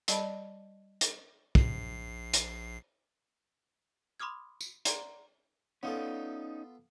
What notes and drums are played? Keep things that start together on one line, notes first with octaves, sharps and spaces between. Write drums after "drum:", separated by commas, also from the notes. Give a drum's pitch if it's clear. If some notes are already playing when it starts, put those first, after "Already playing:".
G3 D5 D#5 A5 B5, drum: hi-hat
drum: hi-hat
A#1 C7, drum: kick
drum: hi-hat
B5 C6 D6 D#6 F6 G#6
drum: tambourine
D5 F#5 A#5 C6 G#6, drum: hi-hat
B3 C#4 D#4 F4 A4